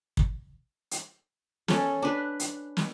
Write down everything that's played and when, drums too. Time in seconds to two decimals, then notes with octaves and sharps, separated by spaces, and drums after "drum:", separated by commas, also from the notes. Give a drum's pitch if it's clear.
0.17 drum: kick
0.91 drum: hi-hat
1.68 C#4 A4, drum: snare
2.02 D4 B4
2.40 drum: hi-hat
2.77 drum: snare